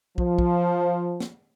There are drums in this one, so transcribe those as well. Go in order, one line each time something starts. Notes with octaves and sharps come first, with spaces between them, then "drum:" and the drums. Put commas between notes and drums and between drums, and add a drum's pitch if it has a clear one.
F3, drum: kick
drum: kick
drum: snare